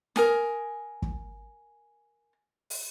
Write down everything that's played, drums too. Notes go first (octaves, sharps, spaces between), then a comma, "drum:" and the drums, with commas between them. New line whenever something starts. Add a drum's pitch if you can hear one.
A#4 G#5 D#6, drum: snare
drum: kick
drum: open hi-hat